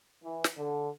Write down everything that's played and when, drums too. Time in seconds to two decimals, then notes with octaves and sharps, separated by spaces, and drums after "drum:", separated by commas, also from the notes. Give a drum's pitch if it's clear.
0.23 E3
0.44 drum: snare
0.57 D3